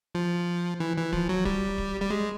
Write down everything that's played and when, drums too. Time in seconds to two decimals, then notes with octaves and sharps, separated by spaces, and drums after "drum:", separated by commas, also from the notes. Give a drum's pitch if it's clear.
0.15 F3
0.80 E3
0.97 E3
1.12 F3, drum: kick
1.29 F#3
1.45 G3, drum: kick
1.78 drum: kick
2.02 G3
2.10 G#3